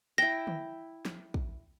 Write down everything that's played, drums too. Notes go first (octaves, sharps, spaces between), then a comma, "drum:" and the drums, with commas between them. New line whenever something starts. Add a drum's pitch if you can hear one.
E4 G5 A#6
drum: tom D3
drum: snare
drum: kick